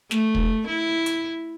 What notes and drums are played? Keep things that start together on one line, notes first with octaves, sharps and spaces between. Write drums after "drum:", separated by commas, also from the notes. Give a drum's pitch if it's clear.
A3, drum: snare
drum: kick
E4
drum: hi-hat